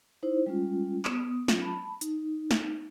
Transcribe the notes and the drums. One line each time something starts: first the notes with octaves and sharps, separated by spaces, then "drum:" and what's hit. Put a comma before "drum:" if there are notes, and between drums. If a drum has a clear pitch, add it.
D#4 E4 C5
G3 G#3 C#4 F4
B3 D#6, drum: clap
F#3 C#4 F4, drum: snare
A5 B5
D#4, drum: hi-hat
drum: snare